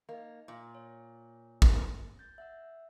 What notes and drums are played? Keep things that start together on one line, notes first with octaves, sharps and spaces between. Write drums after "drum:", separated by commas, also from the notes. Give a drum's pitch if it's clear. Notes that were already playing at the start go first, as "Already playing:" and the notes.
A#3 D#4 D#5
A#2 C6
C#5
drum: kick
G6 A6
E5 F#5 E6